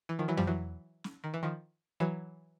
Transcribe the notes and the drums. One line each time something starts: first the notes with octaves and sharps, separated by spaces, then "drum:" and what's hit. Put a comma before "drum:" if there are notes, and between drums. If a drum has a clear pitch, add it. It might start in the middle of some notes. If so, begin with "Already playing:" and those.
E3
D#3 F3
E3 F#3
F3 G3, drum: tom F2
E3 F#3
drum: snare
D#3
E3
D#3 F3
E3 F#3